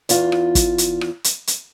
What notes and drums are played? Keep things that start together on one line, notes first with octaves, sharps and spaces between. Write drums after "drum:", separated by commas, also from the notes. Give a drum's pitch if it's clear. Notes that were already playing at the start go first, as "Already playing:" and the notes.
E2 F4, drum: hi-hat
drum: rim click
drum: kick G1, hi-hat
drum: hi-hat
drum: rim click
drum: hi-hat
drum: hi-hat